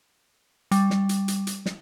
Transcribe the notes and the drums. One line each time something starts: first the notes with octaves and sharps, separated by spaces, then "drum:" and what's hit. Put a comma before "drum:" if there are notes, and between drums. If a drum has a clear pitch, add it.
G3, drum: hi-hat
drum: snare
drum: hi-hat
drum: hi-hat
drum: hi-hat
drum: snare